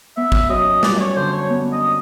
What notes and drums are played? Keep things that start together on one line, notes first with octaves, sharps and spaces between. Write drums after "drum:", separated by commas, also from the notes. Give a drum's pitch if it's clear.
B3 E5
drum: kick
F#2 D#5
G3 D5, drum: snare
C#5
D3 C5
C#5
B3
D#5